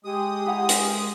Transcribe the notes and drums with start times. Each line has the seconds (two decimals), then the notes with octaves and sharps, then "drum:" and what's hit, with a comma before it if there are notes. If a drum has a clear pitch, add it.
0.05 G#3 G4 D#6
0.46 E4 F#5 A#5
0.69 drum: hi-hat